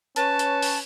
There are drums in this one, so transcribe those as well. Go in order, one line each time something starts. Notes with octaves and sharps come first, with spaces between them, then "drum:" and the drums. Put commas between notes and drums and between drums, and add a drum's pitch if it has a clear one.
C#4 B4 C#5 A5, drum: hi-hat
drum: hi-hat
drum: open hi-hat